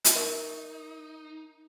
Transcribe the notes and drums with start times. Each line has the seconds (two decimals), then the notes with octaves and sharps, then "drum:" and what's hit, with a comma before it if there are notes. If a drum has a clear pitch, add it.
0.05 drum: hi-hat
0.15 D#4 A#4 E5 C#6